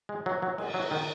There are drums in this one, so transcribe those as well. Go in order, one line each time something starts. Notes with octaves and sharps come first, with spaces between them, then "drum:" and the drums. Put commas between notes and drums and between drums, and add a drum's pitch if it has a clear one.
G#3
F#3
F#3
G#3, drum: cymbal
F#3
D#3